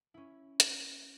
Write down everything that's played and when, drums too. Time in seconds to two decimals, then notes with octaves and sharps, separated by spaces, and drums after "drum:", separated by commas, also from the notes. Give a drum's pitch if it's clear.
0.14 C#4 E4
0.60 drum: hi-hat